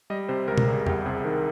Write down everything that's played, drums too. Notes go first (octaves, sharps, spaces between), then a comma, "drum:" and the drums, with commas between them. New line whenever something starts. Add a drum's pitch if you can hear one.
G3 D#5
C3 C5
C#2 A#4
drum: tom B2
G3 G#4
C2 G4, drum: tom E2
C3 G#4
D#3 A#4